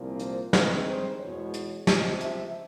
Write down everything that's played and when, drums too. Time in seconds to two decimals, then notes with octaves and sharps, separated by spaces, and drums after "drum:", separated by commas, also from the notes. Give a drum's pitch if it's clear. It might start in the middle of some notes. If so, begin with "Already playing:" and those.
Already playing: C2 A#2 F3 A#3
0.20 C5, drum: hi-hat
0.53 G2 D#3 G#3 C4 D#4 B4, drum: snare
0.87 C5
1.20 E2 B2 G#3 C#5
1.54 drum: hi-hat
1.87 C#2 C3 F3 D#5, drum: snare
2.21 E5, drum: hi-hat